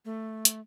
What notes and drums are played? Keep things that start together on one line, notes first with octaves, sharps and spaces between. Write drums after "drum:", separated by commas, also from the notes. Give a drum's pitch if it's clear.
A3
drum: hi-hat